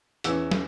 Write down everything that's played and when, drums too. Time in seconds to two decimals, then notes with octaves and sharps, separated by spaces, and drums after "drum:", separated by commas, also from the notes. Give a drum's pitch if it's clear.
0.24 E2 E3 C#4 E6, drum: hi-hat
0.51 drum: snare